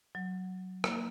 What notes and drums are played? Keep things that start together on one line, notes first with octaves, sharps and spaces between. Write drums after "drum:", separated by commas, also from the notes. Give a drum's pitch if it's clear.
F#3
A#3, drum: rim click